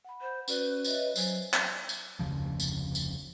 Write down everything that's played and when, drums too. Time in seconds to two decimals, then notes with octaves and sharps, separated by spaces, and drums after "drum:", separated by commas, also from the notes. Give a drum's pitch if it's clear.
0.05 F#5 B5
0.21 C5
0.48 C#4 F#4 B4 D5, drum: tambourine
0.84 C#5 D#5 E5, drum: tambourine
1.16 F#3 C5 G#5, drum: tambourine
1.54 drum: clap
1.89 drum: tambourine
2.19 F1 D2 C#3 F3
2.60 drum: tambourine
2.95 drum: tambourine